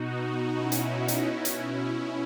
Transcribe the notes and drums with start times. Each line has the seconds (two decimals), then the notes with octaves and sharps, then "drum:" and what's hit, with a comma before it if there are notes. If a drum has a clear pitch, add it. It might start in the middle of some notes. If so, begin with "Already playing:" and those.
Already playing: B2 D#4 F#4
0.53 C#4 E4
0.72 drum: hi-hat
1.08 drum: hi-hat
1.27 B2 C#4 E4
1.45 drum: hi-hat